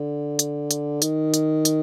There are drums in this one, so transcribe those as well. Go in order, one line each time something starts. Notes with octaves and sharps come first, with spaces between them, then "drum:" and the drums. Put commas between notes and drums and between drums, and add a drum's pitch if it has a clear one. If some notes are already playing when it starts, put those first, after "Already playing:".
Already playing: D3
drum: hi-hat
drum: hi-hat
D#3, drum: hi-hat
drum: hi-hat
drum: hi-hat